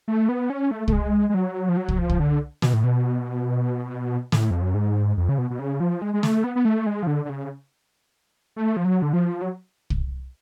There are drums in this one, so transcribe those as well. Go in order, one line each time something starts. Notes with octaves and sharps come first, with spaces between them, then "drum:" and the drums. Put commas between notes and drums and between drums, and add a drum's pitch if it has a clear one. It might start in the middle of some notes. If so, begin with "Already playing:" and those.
A3
B3
C#4
A3
A3, drum: kick
G#3
G#3
F#3
F3
F#3
drum: kick
F3
drum: kick
D3
B2, drum: snare
A2
B2
A2, drum: snare
F2
F#2
G#2
F2
C#3
B2
B2
C#3
F3
G#3
G#3
A3, drum: snare
B3
B3
A3
G#3
F3
D3
D3
C#3
A3
F3
F#3
D3
F3
F#3
drum: kick